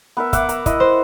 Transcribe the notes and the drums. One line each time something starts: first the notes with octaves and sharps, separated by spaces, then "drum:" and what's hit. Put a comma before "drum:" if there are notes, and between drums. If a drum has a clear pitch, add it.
B3 A#4 E5
E5 F#5 D6, drum: kick, hi-hat
A#5, drum: hi-hat
E4 D#5, drum: kick, hi-hat
C5